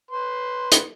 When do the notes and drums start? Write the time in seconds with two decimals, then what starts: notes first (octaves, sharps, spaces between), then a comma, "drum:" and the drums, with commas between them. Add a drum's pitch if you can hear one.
0.11 B4 C6
0.72 drum: hi-hat